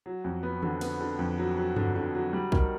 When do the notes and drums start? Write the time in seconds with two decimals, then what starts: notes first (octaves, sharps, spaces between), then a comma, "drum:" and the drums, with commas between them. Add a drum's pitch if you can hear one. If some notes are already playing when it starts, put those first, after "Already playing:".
0.06 F#3
0.24 F2
0.43 B3
0.62 D3, drum: tom D#3
0.81 B3, drum: cymbal
1.00 D3
1.19 F2
1.38 F#3
1.58 F#3
1.76 D3, drum: tom G2
1.96 D3
2.15 F#3
2.33 G3
2.52 D#3, drum: kick